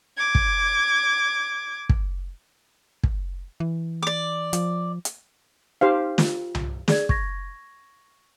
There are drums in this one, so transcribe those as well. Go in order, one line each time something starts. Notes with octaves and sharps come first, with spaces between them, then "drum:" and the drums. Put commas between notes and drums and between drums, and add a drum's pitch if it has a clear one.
D6 G#6
drum: kick
drum: kick
drum: kick
E3
D5 D6
F3, drum: hi-hat
drum: hi-hat
D#4 G4 C5 F5
F4, drum: snare
drum: tom C2
G#4 D5 G#6, drum: snare
C#6 G#6 A#6, drum: kick